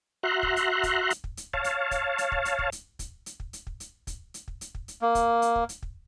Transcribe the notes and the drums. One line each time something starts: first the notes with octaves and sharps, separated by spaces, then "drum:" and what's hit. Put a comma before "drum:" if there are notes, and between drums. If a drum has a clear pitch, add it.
F#4 E5 A#5 C6 F#6
drum: kick
drum: hi-hat
drum: kick, hi-hat
drum: hi-hat
drum: kick
drum: hi-hat
C#5 F5 A5, drum: kick
drum: hi-hat
drum: kick, hi-hat
drum: hi-hat
drum: kick
drum: hi-hat
drum: kick
drum: hi-hat
drum: kick, hi-hat
drum: hi-hat
drum: kick
drum: hi-hat
drum: kick
drum: hi-hat
drum: kick, hi-hat
drum: hi-hat
drum: kick
drum: hi-hat
drum: kick
drum: hi-hat
A#3
drum: kick, hi-hat
drum: hi-hat
drum: kick
drum: hi-hat
drum: kick